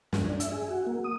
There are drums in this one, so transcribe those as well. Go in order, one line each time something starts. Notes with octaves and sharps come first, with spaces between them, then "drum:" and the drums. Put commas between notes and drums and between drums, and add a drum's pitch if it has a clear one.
G2, drum: snare
D4
E5, drum: hi-hat
G#4
F#4
A#3
D#6